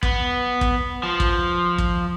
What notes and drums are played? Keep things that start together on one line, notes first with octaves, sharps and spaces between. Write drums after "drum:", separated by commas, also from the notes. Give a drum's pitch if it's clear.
B3, drum: kick
drum: kick
F3
drum: kick
drum: kick